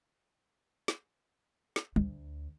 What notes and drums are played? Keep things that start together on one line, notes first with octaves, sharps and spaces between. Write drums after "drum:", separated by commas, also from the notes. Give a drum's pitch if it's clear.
drum: snare
drum: snare
D2, drum: tom